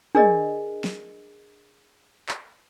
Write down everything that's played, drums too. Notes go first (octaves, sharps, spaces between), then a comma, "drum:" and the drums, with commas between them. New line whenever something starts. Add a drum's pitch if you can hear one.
D4 G#4 A#4 D5 D#5, drum: tom
drum: snare
drum: clap